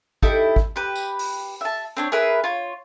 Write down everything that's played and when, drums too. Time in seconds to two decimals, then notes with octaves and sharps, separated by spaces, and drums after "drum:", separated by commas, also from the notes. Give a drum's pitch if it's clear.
0.23 D#4 E4 G4 A4, drum: kick G#1
0.56 drum: kick G#1
0.76 G4 B4
0.95 drum: tambourine
1.19 drum: open hi-hat
1.61 E5 A5
1.97 C4 D4 C#5
2.12 G#4 A#4 B4 E5
2.44 F4 C#5